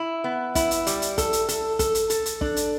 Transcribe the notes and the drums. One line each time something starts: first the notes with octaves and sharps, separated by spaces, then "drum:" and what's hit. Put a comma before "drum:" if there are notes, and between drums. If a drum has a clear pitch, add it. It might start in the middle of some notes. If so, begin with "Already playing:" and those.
Already playing: E4
B3
E4, drum: kick, hi-hat
drum: hi-hat
G3, drum: hi-hat
drum: hi-hat
A4, drum: kick, hi-hat
drum: hi-hat
A4, drum: hi-hat
A4, drum: kick, hi-hat
drum: hi-hat
A4, drum: hi-hat
drum: hi-hat
D4, drum: kick
drum: hi-hat